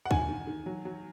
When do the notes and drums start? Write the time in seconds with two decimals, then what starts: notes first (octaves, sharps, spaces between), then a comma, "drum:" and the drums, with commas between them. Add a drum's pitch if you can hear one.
0.05 F#5
0.11 D#3 G#5, drum: kick
0.29 D#3
0.47 D#3
0.66 F#3
0.85 F#3